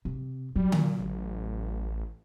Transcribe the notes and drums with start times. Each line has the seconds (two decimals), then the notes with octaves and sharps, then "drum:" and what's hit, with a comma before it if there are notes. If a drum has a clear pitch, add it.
0.05 C3
0.56 F#3 G3
0.72 A#2, drum: tom D3
1.00 A1